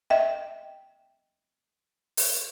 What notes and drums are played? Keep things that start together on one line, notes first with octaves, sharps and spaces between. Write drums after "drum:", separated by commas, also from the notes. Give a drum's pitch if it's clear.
D#5 E5 G5
drum: open hi-hat